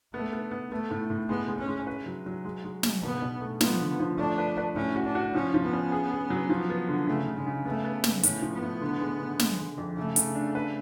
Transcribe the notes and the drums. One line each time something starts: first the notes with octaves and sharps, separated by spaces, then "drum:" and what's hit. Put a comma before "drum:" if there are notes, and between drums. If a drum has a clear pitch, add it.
A3 B3
B3
B3
A3 B3
A2
A2
G#3 B3
G#3
C#4
G#3
B4
F#3
F#3
G#3
G#3
G#3, drum: snare
B2 B3
B2
A3
F3 B3, drum: snare
D3
F3
A3 D4
B4
B4
A2 C#4
F#4
D4
F#4
F3 C#4
F3
B3
C#4
G#4
G#4
F#3
F3
B3
D3
C#3 A3
C#3
G#3
C#3
A3 B3
B3
B3, drum: snare
A2 C#4, drum: hi-hat
F3
B3
A2
D3
G#3
D3
G#3, drum: snare
G#3
F2
C#3 A3
C#3, drum: hi-hat
D4
B4